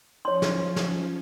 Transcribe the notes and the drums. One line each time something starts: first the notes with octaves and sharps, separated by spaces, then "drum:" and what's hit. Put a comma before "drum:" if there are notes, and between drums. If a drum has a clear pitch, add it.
F3 C#4 C#5 C6
drum: snare
drum: snare